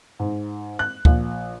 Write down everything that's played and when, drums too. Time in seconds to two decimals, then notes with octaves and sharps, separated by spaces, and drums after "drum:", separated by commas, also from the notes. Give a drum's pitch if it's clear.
0.20 G#2
0.79 F#6
1.05 A#1, drum: kick D2